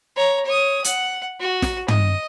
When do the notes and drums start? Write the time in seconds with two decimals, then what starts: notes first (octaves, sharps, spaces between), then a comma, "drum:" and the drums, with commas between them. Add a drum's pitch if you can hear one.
0.16 C#5 A#5
0.45 C#5 D#6
0.84 F#5, drum: hi-hat
1.40 F#4
1.62 drum: snare
1.88 D#5, drum: tom